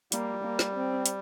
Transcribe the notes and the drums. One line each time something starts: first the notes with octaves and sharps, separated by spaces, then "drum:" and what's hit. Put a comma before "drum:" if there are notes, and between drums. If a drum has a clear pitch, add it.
G3 A#3, drum: hi-hat
A#3
drum: snare
C4
drum: hi-hat